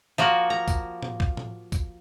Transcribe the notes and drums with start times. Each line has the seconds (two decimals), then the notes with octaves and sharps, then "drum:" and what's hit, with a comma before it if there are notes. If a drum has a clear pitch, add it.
0.18 F3 A#3 F#4
0.50 A#5
0.68 drum: kick, tambourine
1.03 drum: tom A2
1.20 drum: kick
1.37 drum: tom A2
1.72 drum: kick, tambourine